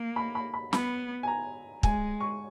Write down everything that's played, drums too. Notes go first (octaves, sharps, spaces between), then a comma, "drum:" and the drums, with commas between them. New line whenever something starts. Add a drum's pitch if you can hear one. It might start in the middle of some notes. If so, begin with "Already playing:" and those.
Already playing: A#3
B5
B5
B5
B3 B5, drum: snare
G#5
A#5
G#3 G#5, drum: kick
C#6